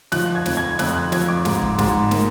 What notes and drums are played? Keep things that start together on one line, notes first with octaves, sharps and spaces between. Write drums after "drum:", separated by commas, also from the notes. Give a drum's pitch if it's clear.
F3 F#6, drum: snare
G#6
F2, drum: snare
G#6
F2 F#6, drum: snare
F#6
F3 G#6, drum: snare
D6
G#2, drum: snare
drum: kick
G#2, drum: snare
A#3, drum: snare